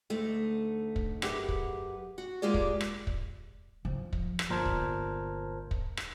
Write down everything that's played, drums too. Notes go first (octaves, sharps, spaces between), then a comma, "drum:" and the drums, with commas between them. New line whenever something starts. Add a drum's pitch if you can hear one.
D2 D3 A3 D#4
drum: kick
F#2 G4 G#4 B4 F#5, drum: rim click
drum: kick
F#4
G#3 A#3 F4 G4 G#4 D5
drum: kick
drum: rim click
drum: kick
F3
drum: kick
drum: rim click
G1 A#2 A#4 C5 A5 G#6
drum: kick
drum: kick
drum: rim click